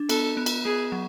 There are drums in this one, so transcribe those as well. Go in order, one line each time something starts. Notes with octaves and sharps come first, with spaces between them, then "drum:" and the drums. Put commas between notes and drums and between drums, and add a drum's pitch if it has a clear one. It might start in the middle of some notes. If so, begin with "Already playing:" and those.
Already playing: D4
B3 A4, drum: cymbal
B3
drum: cymbal
B3 G#4
F#3